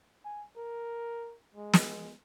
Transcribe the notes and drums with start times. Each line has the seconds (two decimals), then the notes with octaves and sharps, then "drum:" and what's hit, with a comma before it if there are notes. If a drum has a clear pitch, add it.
0.25 G#5
0.57 A#4
1.55 G#3
1.74 drum: snare